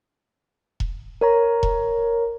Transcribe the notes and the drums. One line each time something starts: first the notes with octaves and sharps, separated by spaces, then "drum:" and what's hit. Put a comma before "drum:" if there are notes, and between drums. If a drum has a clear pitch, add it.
drum: kick E1
A#4 C#5 A#5
drum: kick E1